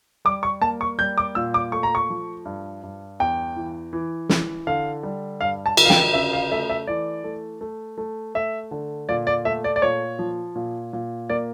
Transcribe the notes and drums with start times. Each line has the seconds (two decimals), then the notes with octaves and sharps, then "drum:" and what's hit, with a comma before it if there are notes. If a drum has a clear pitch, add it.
0.25 G3 D6
0.43 C#6
0.61 A#3 A5
0.81 C#6
0.98 G3 G6
1.18 D6
1.35 A#2 E6
1.54 D6
1.72 A3 C#6
1.83 A#5
1.95 C#6
2.10 F3
2.45 G2
2.83 G2
3.20 E2 G5
3.56 E3
3.93 E3
4.29 E3, drum: snare
4.67 D3 F5
5.03 G3
5.41 G2 F5
5.66 A5
5.77 D3, drum: cymbal
5.85 F5
5.90 G5, drum: snare
6.14 C#3 E5
6.33 F5
6.52 A3 E5
6.69 E5
6.87 E3 D5
7.24 A3
7.61 A3
7.98 A3
8.35 A3 E5
8.71 D3
9.09 A#2 D5
9.27 D5
9.45 A3 E5
9.64 D5
9.76 D5
9.82 A#2 C#5
10.19 F3
10.55 A#2
10.93 A#2
11.30 A#3 D5